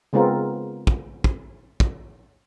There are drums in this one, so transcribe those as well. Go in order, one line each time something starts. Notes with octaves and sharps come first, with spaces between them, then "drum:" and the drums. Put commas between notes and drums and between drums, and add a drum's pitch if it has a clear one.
C#3 G#3 B3 C4 F4 A#4
drum: kick
drum: kick
drum: kick